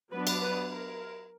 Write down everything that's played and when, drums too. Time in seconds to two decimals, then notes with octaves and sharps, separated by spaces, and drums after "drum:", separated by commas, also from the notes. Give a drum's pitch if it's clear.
0.12 F#3 B3 D4 B4
0.27 drum: cymbal
0.41 B4
0.71 A#4